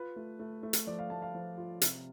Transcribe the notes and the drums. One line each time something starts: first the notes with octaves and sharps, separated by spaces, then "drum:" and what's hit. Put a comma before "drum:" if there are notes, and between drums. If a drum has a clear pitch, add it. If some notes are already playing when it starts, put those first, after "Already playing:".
Already playing: F4 B4
A3
A3
A3
drum: hi-hat
F3 D5
F5
A3 A5
F5
F3
F4
C3, drum: hi-hat